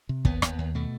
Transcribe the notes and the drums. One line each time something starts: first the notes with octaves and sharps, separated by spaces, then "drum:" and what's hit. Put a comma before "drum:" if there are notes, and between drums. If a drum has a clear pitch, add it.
C3
D#2 B3, drum: kick
D#2, drum: rim click
D#2
B2 A3